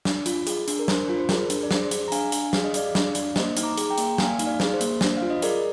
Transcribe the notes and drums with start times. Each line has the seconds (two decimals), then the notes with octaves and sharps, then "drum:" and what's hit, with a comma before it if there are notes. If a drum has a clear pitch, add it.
0.05 D4, drum: snare
0.26 F4, drum: hi-hat
0.47 G#4, drum: hi-hat
0.68 D4, drum: hi-hat
0.79 A#4
0.88 D4 C5, drum: snare
1.09 F4
1.20 C5
1.29 G#4 A#4, drum: snare
1.50 D4, drum: hi-hat
1.63 D5
1.71 G#4 C5, drum: snare
1.91 G#4, drum: hi-hat
2.08 A#5
2.12 D4 F5 G#5, drum: hi-hat
2.32 D4, drum: hi-hat
2.53 G#4 F5, drum: snare
2.64 D#5
2.74 G#4 D5 F5, drum: hi-hat
2.95 D4, drum: snare
3.15 D4, drum: hi-hat
3.36 A#3 C5 D#5, drum: snare
3.57 D#4, drum: hi-hat
3.63 A#5 D6
3.78 G#4, drum: hi-hat
3.90 G5 A#5
3.98 A#3, drum: hi-hat
4.18 A#3 F5 G#5, drum: snare
4.39 D#4, drum: hi-hat
4.46 D5 F5
4.60 G#4, drum: snare
4.74 C5
4.81 A#3, drum: hi-hat
5.01 D4 C5, drum: snare
5.17 F4 F5
5.30 D#5
5.42 G#4 A#4 D5, drum: hi-hat